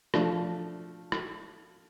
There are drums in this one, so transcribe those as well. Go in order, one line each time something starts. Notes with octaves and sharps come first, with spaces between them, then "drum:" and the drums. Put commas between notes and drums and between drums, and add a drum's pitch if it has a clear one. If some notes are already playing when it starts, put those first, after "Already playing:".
F3 A3 D4, drum: rim click
drum: rim click